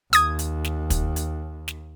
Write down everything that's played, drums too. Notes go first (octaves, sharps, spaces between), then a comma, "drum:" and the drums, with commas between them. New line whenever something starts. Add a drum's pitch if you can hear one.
D#2 D#6 G#6, drum: hi-hat
drum: hi-hat
drum: snare
drum: kick, hi-hat
drum: hi-hat
drum: snare